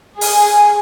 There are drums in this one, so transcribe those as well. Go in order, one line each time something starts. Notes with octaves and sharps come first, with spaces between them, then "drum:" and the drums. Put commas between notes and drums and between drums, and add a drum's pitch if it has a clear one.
G#4 G#5, drum: open hi-hat